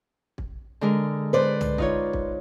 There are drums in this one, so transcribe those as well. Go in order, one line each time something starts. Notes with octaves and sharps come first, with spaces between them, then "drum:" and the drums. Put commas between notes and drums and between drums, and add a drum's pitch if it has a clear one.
drum: kick
D3 G#3 A#4
B4 C5 D5
drum: tom
D#4 F4 C#5, drum: kick
drum: kick